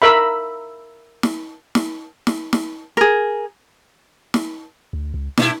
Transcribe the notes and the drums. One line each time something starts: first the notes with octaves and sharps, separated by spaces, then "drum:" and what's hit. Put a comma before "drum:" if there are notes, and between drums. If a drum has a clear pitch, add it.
A#4 E5 B5
drum: snare
drum: snare
drum: snare
drum: snare
G#4 A#4
drum: snare
D2
C#2
G2 B2 D#4 E4, drum: snare